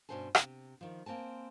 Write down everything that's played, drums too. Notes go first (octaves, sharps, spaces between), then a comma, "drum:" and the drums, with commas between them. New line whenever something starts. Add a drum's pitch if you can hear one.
G2 B2 C#4 C5 G#5 A5
C3, drum: rim click
D#3 F3
A#3 C4 G#5 A5